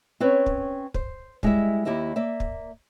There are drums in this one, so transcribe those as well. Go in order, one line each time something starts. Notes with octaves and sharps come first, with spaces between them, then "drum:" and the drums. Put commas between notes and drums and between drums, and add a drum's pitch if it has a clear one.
C4 C#4 B4 C#5
drum: kick
C5, drum: kick
G3 G#3 E4 D#5 E5, drum: kick
D#2 E4 G4 D#5 E5
A#3 D5 E5
drum: kick